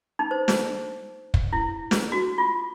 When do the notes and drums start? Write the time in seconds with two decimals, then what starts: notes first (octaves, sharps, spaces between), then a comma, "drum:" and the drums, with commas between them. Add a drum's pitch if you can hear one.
0.19 D#4
0.31 C5
0.48 drum: snare
1.34 drum: kick
1.53 E4
1.91 drum: snare
2.12 F#4
2.38 F4